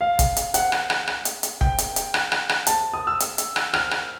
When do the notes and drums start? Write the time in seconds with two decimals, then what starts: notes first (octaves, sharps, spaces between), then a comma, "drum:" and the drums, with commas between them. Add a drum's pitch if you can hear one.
0.01 F5
0.19 drum: kick, hi-hat
0.37 drum: hi-hat
0.54 F#5, drum: hi-hat
0.72 drum: rim click
0.90 drum: rim click
1.07 drum: rim click
1.25 drum: hi-hat
1.43 drum: hi-hat
1.61 G5, drum: kick
1.78 drum: hi-hat
1.96 drum: hi-hat
2.14 drum: rim click
2.32 drum: rim click
2.49 drum: rim click
2.67 A5, drum: hi-hat
2.94 D#6
3.07 E6
3.20 drum: hi-hat
3.38 drum: hi-hat
3.56 drum: rim click
3.73 F6, drum: rim click
3.91 drum: rim click